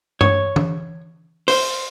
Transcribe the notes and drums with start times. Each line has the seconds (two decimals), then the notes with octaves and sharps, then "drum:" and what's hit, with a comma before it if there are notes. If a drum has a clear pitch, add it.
0.21 C#5, drum: tom G2
0.56 drum: tom
1.48 C5, drum: open hi-hat